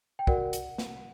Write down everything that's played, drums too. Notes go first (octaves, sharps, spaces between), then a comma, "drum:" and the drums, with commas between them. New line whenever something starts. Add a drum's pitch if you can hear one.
G5
F#4 A#4 D5 F#5, drum: kick
drum: hi-hat
drum: snare